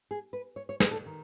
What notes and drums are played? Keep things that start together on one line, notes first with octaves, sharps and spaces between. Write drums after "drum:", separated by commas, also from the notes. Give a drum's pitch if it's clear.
G#4
B4
C#5
C#5
B4, drum: snare
A4
D#3